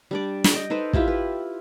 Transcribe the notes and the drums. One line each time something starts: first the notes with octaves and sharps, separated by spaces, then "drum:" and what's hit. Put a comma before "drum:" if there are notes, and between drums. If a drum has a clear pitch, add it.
G3 D4 D5
drum: snare
D#5 G5
D#4 A4 B4 C5
E4 F4 G4 E5, drum: kick
B4